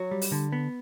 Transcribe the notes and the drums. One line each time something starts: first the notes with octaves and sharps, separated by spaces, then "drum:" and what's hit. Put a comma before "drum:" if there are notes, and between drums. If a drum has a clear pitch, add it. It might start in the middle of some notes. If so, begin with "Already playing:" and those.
Already playing: F#3 F#4
G3
drum: open hi-hat
D3
B3